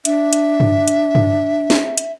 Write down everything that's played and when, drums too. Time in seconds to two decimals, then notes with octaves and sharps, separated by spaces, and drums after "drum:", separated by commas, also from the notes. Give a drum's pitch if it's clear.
0.05 D4 E5, drum: hi-hat
0.33 drum: hi-hat
0.60 drum: tom G2
0.88 drum: hi-hat
1.15 drum: tom G2
1.70 drum: snare
1.98 drum: hi-hat